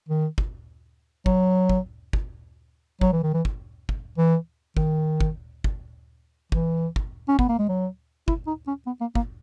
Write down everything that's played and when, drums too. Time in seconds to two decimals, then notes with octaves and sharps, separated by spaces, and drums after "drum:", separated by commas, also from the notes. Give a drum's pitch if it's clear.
0.09 D#3
0.38 drum: kick
1.26 F#3, drum: kick
1.69 drum: kick
2.13 drum: kick
3.01 F#3, drum: kick
3.13 E3
3.23 D#3
3.34 E3
3.45 drum: kick
3.89 drum: kick
4.18 E3
4.77 D#3, drum: kick
5.21 drum: kick
5.64 drum: kick
6.52 E3, drum: kick
6.96 drum: kick
7.28 C#4
7.39 B3, drum: kick
7.49 A#3
7.59 G#3
7.69 F#3
8.28 E4, drum: kick
8.47 D#4
8.67 C#4
8.86 B3
9.01 A#3
9.15 A#3, drum: kick